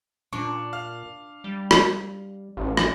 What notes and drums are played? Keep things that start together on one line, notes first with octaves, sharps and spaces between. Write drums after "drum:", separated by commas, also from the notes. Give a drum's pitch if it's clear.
A#2 D4 C#6
F5 F6
G3
drum: rim click
A1
drum: rim click